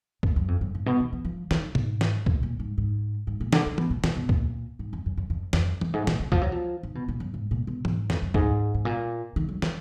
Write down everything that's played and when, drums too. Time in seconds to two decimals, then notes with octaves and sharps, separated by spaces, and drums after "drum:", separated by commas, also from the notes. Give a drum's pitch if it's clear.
0.23 F#2, drum: kick C#2
0.36 F#2
0.48 F2
0.61 F#2
0.75 G#2
0.86 B2
1.00 D#3
1.13 F3
1.25 F3
1.51 D#3, drum: snare
1.75 G#2, drum: tom
2.01 drum: snare
2.26 B2, drum: kick C#2
2.43 A#2
2.60 G#2
2.78 G#2
3.27 G#2
3.40 A#2
3.53 D3, drum: snare
3.66 D#3
3.78 B2, drum: tom
3.91 A#2
4.04 A#2, drum: snare
4.16 B2
4.29 A#2, drum: kick C#2
4.79 G#2
4.93 F2
5.06 F#2
5.17 F#2
5.30 F2
5.53 F2, drum: snare
5.81 F#2, drum: tom
5.94 G#2
6.07 A#2, drum: snare
6.20 D3
6.32 F3, drum: kick C#2
6.42 F#3
6.52 F3
6.83 D#3
6.95 B2
7.08 A#2
7.20 F#2
7.34 G#2
7.51 A#2
7.67 B2
7.85 G#2, drum: tom
8.10 F2, drum: snare
8.22 F#2
8.34 G#2, drum: kick C#2
8.74 G#2
8.85 A#2
9.36 D#3
9.49 F#3
9.62 F3, drum: snare